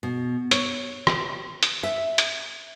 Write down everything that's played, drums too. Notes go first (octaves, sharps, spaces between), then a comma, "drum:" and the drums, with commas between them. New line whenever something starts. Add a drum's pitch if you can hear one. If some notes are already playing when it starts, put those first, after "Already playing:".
B2
C#5, drum: hi-hat
drum: rim click
drum: hi-hat
E5
drum: hi-hat